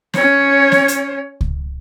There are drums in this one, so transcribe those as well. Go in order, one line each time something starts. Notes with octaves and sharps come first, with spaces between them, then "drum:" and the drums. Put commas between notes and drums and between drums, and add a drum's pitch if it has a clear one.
C#4 C#5, drum: snare
drum: snare
drum: hi-hat
drum: kick C#2